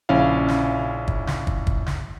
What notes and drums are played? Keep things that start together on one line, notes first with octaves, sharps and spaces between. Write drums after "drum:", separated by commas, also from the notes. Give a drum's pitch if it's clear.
A#1 C#3 C#4 E4 F5
drum: snare
drum: kick
drum: snare
drum: kick
drum: kick
drum: snare